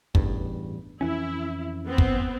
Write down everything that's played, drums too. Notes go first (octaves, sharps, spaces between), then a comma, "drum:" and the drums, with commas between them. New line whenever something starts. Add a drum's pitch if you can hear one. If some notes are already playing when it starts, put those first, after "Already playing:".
A1 E2 G2, drum: kick
F2 E3 C#4 E4
B3 C4
drum: kick